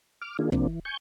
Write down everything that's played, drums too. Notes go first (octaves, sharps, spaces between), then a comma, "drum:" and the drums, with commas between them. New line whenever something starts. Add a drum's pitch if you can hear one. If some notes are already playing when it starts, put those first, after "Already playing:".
D6 F6
D#3 A#3 D4 F4 G#4
C3 F3 A#3 C4 D4, drum: kick
E3
G#5 C#6 G6